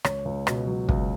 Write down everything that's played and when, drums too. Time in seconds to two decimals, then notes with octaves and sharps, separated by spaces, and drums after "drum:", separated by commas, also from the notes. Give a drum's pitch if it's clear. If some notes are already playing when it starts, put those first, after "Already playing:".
0.04 C#2 C#5, drum: rim click
0.25 C#2
0.47 B2, drum: rim click
0.67 F#3
0.89 C#2, drum: kick